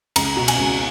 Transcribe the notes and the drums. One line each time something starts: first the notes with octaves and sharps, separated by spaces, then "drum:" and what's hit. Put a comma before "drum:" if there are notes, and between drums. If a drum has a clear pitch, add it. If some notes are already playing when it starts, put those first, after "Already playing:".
C#2 A#5, drum: cymbal
B2
G#5, drum: cymbal
C#2